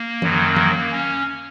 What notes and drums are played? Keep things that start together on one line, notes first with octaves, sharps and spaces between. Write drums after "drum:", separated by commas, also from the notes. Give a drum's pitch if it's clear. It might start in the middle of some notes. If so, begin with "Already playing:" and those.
Already playing: A#3
F#2 D#3 F#3, drum: tom E3
drum: tom E3
C#4